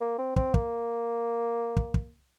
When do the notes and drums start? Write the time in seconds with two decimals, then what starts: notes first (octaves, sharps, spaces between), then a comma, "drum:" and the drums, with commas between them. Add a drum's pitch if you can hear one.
0.01 A#3
0.18 C4
0.36 C4, drum: kick
0.54 A#3, drum: kick
1.77 drum: kick
1.94 drum: kick